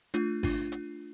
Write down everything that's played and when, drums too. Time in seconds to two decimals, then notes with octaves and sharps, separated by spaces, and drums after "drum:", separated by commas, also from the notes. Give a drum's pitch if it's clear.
0.14 A3 D4 F4, drum: hi-hat
0.43 D4 F4, drum: kick G#1, open hi-hat
0.72 drum: hi-hat